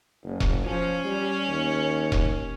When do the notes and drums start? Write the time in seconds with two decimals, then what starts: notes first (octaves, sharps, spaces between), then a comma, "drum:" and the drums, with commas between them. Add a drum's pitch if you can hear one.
0.23 F#1
0.40 drum: kick E1
0.66 F3 C#4
1.05 G3
1.48 D#2
2.12 drum: kick E1